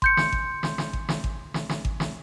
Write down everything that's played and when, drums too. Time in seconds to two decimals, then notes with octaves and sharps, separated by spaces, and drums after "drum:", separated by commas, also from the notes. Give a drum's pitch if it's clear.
0.02 C6 G6 C#7, drum: kick G#1
0.17 drum: snare
0.32 drum: kick G#1
0.63 drum: snare
0.78 drum: snare
0.93 drum: kick G#1
1.09 drum: snare
1.24 drum: kick G#1
1.54 drum: snare
1.69 drum: snare
1.85 drum: kick G#1
2.00 drum: snare